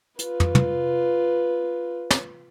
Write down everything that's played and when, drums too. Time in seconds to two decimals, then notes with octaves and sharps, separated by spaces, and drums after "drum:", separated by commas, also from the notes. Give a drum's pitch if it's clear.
0.19 F4 B4, drum: hi-hat
0.40 drum: tom
0.55 drum: tom
2.11 drum: snare